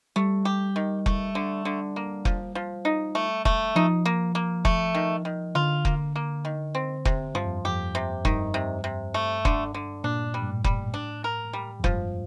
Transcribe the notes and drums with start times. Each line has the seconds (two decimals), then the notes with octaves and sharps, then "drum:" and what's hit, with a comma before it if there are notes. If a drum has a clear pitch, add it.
0.16 G3 A3
0.45 G4
0.76 D#3
1.06 A3, drum: kick F1
1.35 D3
1.65 D3
1.96 A#3
2.25 F3, drum: kick F1
2.55 F3
2.85 D#4
3.15 A3
3.45 A3, drum: kick F1
3.76 F3 D#4
4.05 A#3
4.35 A#3
4.65 A3, drum: kick F1
4.95 D#3
5.25 D#3
5.55 D3 F4
5.85 A#3, drum: kick F1
6.16 A#3
6.45 D#3
6.75 C4
7.05 C3, drum: kick F1
7.35 G2 F3
7.45 F2
7.65 F2 G4
7.95 C3
8.25 G2 D#3, drum: kick F1
8.54 C3
8.84 C3
9.14 A3
9.45 D3, drum: kick F1
9.74 D3
10.04 A#2 D4
10.34 G3
10.43 G2
10.49 A2
10.64 G3, drum: kick F1
10.94 D4
11.24 A#4
11.53 G3
11.80 F2
11.84 G2 F3, drum: kick F1